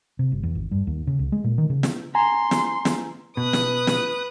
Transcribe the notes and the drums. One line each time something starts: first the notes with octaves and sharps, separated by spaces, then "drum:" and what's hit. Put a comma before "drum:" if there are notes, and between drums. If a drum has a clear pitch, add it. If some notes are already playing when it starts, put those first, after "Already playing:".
C3
G1
E2
G#1
G2
D#2
C#3
C#2
G#3
A#2
D#3
C#3
drum: snare
G#5 A#5 C6
drum: snare
drum: snare
B2 B4 D#6 F#6
drum: snare
drum: snare